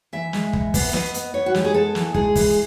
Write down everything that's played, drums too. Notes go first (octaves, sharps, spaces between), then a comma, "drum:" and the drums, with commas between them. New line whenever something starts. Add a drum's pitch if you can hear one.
E3 E5
G#3, drum: snare
E3, drum: kick
B3, drum: kick, open hi-hat
B3 D#5, drum: snare
B3, drum: hi-hat
B3 C#5
F#4
G#3 G4, drum: snare
G#4
B3 A4
E3, drum: snare
G#3 G#4, drum: kick
E3, drum: kick, open hi-hat